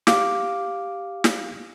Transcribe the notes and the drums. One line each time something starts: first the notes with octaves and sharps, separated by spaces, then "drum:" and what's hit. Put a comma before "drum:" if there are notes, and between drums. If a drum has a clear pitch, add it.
G4 F5 D6, drum: snare
drum: snare